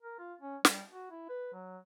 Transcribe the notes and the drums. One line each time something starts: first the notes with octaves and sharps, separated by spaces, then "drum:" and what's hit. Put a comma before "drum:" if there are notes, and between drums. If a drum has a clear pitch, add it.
A#4
F4
C#4
G3, drum: snare
F#4
E4
B4
F#3